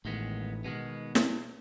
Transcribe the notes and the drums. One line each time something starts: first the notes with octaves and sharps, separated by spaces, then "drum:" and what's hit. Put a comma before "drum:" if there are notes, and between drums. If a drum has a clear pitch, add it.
A1 A2 D#3 G#3 B3
B2 D#3 G#3 B3
drum: snare